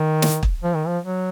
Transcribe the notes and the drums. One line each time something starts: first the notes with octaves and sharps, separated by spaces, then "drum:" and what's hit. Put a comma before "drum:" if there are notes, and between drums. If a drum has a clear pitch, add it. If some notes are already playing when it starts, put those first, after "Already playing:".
Already playing: D#3
drum: snare
drum: kick
F3
D#3
F3
F#3